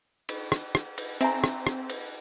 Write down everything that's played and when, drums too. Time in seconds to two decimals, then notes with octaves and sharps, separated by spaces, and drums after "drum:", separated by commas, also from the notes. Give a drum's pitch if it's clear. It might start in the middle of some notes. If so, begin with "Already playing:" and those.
0.29 drum: cymbal
0.52 drum: rim click
0.75 drum: rim click
0.98 drum: cymbal
1.21 C4 E5 G#5 A#5, drum: cymbal
1.44 drum: rim click
1.67 drum: rim click
1.89 drum: cymbal